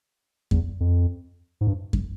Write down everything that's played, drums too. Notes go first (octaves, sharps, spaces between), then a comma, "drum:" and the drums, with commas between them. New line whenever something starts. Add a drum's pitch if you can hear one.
E2, drum: kick F#2
F2
G#2
G2
drum: kick F#2